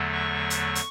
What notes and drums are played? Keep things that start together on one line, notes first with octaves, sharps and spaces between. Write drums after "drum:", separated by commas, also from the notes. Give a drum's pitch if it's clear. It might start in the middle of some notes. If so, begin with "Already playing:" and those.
Already playing: E2 D3 F#3 A3
C#6
drum: hi-hat
drum: hi-hat